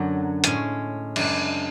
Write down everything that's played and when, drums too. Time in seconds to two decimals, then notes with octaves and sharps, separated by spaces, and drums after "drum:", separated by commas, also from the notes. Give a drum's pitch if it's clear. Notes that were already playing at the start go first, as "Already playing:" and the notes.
Already playing: F#2 D3 F#3
0.44 A2 G#3 C#4 G#5, drum: hi-hat
1.16 F#2 C#3 G#3 D4, drum: cymbal